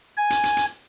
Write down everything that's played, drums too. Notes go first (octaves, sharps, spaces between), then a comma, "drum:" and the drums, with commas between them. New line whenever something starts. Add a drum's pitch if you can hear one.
G#5
drum: hi-hat
drum: hi-hat
drum: hi-hat